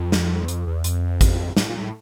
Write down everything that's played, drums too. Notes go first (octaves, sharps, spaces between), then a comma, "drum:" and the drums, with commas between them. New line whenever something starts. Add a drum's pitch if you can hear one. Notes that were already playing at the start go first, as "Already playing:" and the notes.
Already playing: F2
drum: snare
E2
F2, drum: hi-hat
E2
F2, drum: hi-hat
drum: kick, hi-hat
A2, drum: snare
A#2
A2